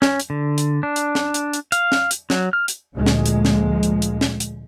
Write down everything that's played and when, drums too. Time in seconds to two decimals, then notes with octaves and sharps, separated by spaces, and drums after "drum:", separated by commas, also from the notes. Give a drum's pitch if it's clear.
0.02 C#4, drum: snare
0.20 drum: hi-hat
0.30 D3
0.58 drum: hi-hat
0.83 D4
0.96 drum: hi-hat
1.15 drum: snare
1.34 drum: hi-hat
1.53 drum: hi-hat
1.72 F5, drum: hi-hat
1.92 drum: snare
2.11 drum: hi-hat
2.30 F#3, drum: snare
2.53 F6
2.68 drum: hi-hat
2.94 D2 A#2 F3 G#3 A#3
3.06 drum: snare
3.26 drum: hi-hat
3.45 drum: snare
3.83 drum: hi-hat
4.02 drum: hi-hat
4.21 drum: snare
4.40 drum: hi-hat